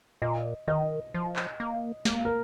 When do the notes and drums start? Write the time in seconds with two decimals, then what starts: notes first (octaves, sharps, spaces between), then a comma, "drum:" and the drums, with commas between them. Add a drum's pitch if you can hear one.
0.22 A#2 D#5
0.68 D#3 D#5
1.14 F3
1.36 drum: clap
1.60 A#3
2.05 A#3, drum: snare
2.25 A#4